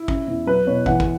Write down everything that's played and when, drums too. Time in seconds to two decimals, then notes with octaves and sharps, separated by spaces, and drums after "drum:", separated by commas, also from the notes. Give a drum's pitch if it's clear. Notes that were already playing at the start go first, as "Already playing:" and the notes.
Already playing: E4
0.08 C#3, drum: kick
0.28 E2
0.47 F#3 B4
0.67 B2 C#5
0.86 E3 F#5, drum: kick
1.00 drum: kick